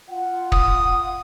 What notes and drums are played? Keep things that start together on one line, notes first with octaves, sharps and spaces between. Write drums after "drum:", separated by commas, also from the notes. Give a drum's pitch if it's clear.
F4 F#5
D#6, drum: kick